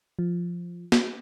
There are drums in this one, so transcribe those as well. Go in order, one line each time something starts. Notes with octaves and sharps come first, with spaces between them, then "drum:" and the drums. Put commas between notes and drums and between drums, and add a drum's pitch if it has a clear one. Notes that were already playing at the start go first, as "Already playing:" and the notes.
F3
drum: snare